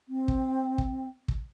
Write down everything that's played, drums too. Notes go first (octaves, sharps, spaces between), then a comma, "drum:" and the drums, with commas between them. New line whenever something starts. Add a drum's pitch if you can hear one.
C4
drum: kick
drum: kick
drum: kick